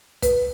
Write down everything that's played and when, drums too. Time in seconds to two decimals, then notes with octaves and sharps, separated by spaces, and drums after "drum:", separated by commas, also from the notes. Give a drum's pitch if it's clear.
0.22 B4, drum: kick, hi-hat